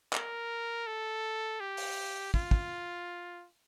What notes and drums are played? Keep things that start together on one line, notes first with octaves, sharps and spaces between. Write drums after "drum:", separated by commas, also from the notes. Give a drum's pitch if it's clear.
A#4, drum: clap
A4
G4
drum: open hi-hat
F4, drum: kick
drum: kick